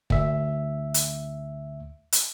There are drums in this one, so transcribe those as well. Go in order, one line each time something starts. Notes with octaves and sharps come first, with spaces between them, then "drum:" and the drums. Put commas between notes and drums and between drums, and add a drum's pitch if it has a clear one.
D2 E5, drum: kick
drum: hi-hat
drum: hi-hat